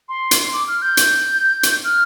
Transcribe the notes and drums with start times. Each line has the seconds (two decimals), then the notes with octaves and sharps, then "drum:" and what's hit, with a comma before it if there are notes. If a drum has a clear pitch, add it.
0.09 C6
0.31 drum: hi-hat
0.53 D6
0.68 F6
0.82 G6
0.97 drum: hi-hat
1.63 drum: hi-hat
1.85 F6